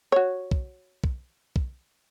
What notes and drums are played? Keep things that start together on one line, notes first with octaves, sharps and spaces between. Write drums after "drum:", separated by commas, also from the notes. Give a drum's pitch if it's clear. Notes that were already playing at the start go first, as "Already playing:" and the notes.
F#4 C#5
drum: kick
drum: kick
drum: kick